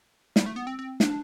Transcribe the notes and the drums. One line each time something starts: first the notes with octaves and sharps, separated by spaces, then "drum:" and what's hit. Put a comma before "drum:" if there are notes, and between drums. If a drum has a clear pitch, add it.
G3, drum: snare
A3
B3
C4
C4
D4, drum: snare